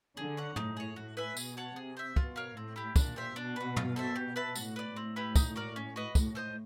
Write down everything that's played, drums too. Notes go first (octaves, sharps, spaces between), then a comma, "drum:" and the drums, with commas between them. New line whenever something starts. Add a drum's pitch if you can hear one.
D3 G#4
C#5 F#5
A2 D#4, drum: tom
G#4 C#5
A2 F#4
B4 E5 G#5
B2 G#4, drum: tambourine
C#5 F#5 A5
C3 G#4
C5 E5
B2 F4, drum: kick
A#4 C#5 F5
A2 C4
E4 G4
A#2 D4, drum: kick, tambourine
G4 C5 E5
B2 D4
F#4 B4
F4, drum: tom
A4 C5 E5
G4
B4 E5 A5
A2 F#4, drum: tambourine
B4 D5
A2 C4
E4 G4 B4
D#4, drum: kick, tambourine
F#4 A#4 D5
C#4
F#4 B4 D#5
A2 F#4, drum: kick, tambourine
A4 C5 D#5